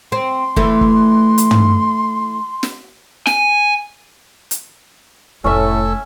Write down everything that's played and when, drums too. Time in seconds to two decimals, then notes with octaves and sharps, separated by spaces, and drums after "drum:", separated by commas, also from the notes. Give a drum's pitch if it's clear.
0.12 C4 C6
0.56 E3 A3, drum: kick
0.81 drum: kick
1.38 drum: hi-hat
1.51 drum: tom
2.63 drum: snare
3.27 G#5, drum: snare
4.51 drum: hi-hat
5.44 F1 A2 A3 C#4 A4 C#5 E5